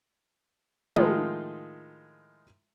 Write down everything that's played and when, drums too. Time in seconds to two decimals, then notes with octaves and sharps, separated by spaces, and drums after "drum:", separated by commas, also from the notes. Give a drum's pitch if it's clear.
0.96 A2 D#3 F3 G#3 D#4 F4, drum: tom